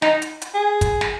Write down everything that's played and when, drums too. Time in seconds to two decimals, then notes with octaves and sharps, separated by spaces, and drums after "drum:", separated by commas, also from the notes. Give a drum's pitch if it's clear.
0.02 D#4, drum: snare
0.22 drum: hi-hat
0.42 drum: hi-hat
0.54 G#4
0.81 drum: kick, hi-hat
1.01 drum: snare